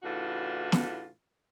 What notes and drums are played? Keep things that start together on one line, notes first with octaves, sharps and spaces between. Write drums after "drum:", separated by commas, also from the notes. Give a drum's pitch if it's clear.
A2 C#3 E3 D4 F4 F#4
drum: snare